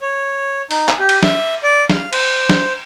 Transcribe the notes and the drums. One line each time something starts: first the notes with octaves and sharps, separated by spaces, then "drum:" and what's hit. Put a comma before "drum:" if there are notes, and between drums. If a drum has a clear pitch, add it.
C#5
D#4, drum: open hi-hat
drum: clap
G4
drum: cymbal
E5, drum: snare
D5
F5, drum: snare
C5, drum: cymbal
drum: snare